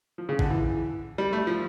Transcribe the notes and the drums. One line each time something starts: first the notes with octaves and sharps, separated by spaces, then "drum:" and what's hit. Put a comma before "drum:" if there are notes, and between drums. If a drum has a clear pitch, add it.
F3
C#3
D3, drum: kick A1
E3
G3
A3
F3